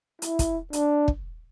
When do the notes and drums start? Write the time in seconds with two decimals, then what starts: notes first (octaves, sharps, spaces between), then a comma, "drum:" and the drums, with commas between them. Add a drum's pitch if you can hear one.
0.22 E4, drum: hi-hat
0.39 drum: kick, hi-hat
0.73 D4, drum: hi-hat
1.08 drum: kick